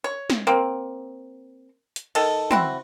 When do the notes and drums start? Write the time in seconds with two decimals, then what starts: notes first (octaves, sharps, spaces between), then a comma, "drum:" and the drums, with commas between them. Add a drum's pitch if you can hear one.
0.04 C#5
0.30 drum: snare
0.47 A#3 C4
1.96 drum: hi-hat
2.15 D#3 A4, drum: cymbal
2.51 C4 E4 F#4, drum: tom